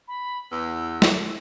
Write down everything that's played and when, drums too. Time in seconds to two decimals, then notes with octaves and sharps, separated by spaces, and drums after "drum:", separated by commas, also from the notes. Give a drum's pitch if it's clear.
0.08 B5
0.51 E2 E6
1.02 drum: snare